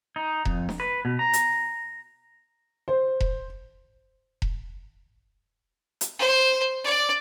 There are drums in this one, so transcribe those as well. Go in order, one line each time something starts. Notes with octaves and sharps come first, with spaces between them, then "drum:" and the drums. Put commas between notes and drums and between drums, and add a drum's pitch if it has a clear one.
D#4
F2, drum: kick E1
drum: snare D4
B4
B2
A#5
drum: hi-hat
C5
drum: kick E1
drum: kick E1
drum: hi-hat
C5
D5